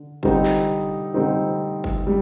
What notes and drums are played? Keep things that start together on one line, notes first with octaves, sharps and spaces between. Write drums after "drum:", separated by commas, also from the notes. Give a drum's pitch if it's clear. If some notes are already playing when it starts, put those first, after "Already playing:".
Already playing: D3
D3 G3 C4 D#4, drum: kick F#1
drum: clap
D3 G3 C4 D#4
drum: kick F#1
G3